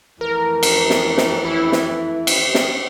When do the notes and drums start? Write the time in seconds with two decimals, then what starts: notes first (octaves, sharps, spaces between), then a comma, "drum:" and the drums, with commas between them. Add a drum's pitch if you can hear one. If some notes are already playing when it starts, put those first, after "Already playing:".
0.21 F2 E3 A3 A#4
0.63 drum: cymbal
0.90 drum: snare
1.17 drum: snare
1.45 E4
1.72 drum: snare
2.27 drum: cymbal
2.55 drum: snare